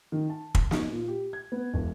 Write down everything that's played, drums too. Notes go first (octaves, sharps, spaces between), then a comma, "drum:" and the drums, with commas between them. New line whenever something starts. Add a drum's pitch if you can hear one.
D#3
A5
drum: kick
D#4, drum: snare
A#2
G4
G#6
B3
E1